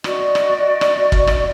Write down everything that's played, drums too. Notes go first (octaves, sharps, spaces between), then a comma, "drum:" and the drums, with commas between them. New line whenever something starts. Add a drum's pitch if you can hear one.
F#4 D5 D#5, drum: rim click
drum: rim click
drum: rim click
drum: kick
drum: rim click